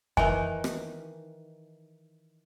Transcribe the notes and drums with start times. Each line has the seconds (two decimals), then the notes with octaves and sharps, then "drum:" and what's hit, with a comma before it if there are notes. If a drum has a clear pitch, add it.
0.17 D#3 E3 D#4 G#5, drum: kick F2
0.64 drum: rim click